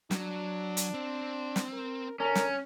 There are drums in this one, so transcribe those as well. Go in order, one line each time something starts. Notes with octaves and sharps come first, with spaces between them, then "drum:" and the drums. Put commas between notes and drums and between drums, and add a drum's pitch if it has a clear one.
F#3 D4, drum: snare
drum: hi-hat
C4
drum: snare
A#4
D3 C#4 A#4
drum: snare